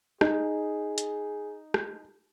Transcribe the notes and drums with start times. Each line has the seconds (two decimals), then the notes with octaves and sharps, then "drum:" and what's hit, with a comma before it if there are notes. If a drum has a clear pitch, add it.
0.21 D#4 G#4, drum: rim click
0.98 drum: hi-hat
1.74 drum: rim click